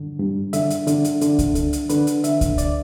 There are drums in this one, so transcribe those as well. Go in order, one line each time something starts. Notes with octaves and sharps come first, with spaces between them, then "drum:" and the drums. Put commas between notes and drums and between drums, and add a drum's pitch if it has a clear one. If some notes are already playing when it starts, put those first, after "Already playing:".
Already playing: G2 D3
G2
D3 E5, drum: hi-hat
drum: hi-hat
D3, drum: hi-hat
drum: hi-hat
D3, drum: hi-hat
drum: kick C#2, hi-hat
D3, drum: hi-hat
drum: hi-hat
D3 B4, drum: hi-hat
drum: hi-hat
D3 E5, drum: hi-hat
drum: kick C#2, hi-hat
D5, drum: hi-hat